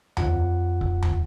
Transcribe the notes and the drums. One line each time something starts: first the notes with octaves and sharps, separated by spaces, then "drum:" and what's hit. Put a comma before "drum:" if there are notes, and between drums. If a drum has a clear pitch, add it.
F2 F4 F#5, drum: tom D#2
drum: kick C#1
drum: tom D#2